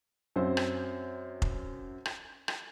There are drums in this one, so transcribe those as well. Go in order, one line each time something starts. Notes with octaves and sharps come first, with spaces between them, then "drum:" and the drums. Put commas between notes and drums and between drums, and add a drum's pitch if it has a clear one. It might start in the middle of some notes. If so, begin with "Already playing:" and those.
F#2 F#3 C4 C5
drum: rim click
drum: kick F1
drum: rim click
drum: rim click